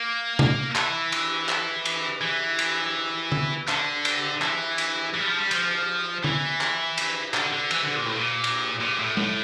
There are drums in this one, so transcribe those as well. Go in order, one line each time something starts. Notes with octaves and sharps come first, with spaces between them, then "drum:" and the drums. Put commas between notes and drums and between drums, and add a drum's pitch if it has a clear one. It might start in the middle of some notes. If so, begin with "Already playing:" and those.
Already playing: A#3
drum: tom C3
E3, drum: clap
drum: cymbal
drum: clap
drum: cymbal
E3
drum: cymbal
drum: tom D3
D3, drum: clap
drum: cymbal
E3, drum: clap
drum: cymbal
E3
G3
F3
G3
F3, drum: cymbal
E3, drum: tom D3
drum: clap
drum: cymbal
D3, drum: clap
D3
E3, drum: cymbal
D3
A#2
A2
A#2
drum: cymbal
A#2
A2
A2, drum: tom G#3